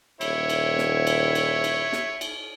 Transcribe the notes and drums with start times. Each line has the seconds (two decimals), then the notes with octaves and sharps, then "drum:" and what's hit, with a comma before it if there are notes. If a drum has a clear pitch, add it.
0.21 D#1 E4 C#5, drum: cymbal
0.49 drum: cymbal
0.78 drum: snare
1.07 drum: cymbal
1.35 drum: cymbal
1.64 drum: cymbal
1.93 drum: snare
2.21 drum: cymbal